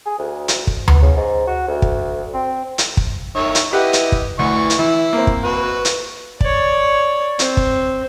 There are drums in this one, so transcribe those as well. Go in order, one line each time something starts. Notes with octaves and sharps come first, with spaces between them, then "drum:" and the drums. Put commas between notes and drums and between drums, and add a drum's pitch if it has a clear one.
G#4
D2
drum: hi-hat
drum: kick
B3, drum: tom D2
C#3
G#2
F#4
D2
drum: kick
C4
drum: hi-hat
drum: kick
D#3 C#5 E5
drum: hi-hat
E4 G4 B4 D#5 F#5
drum: hi-hat
drum: kick
D2 E3 C#6
drum: hi-hat
E3 E4
A#3 C4
drum: kick
F#4 B4
drum: hi-hat
C#5 D5, drum: kick
C4, drum: hi-hat
drum: kick